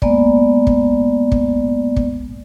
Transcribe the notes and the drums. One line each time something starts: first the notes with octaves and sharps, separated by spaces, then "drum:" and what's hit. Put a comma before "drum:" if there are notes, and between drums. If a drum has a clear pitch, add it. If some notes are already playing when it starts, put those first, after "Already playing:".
G#3 A#3 B3 D5, drum: kick
drum: kick
drum: kick
drum: kick